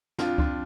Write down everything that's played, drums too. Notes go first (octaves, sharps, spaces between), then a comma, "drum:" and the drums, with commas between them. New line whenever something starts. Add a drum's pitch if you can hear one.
F2 D4 F4, drum: snare
D4 F4, drum: kick C#2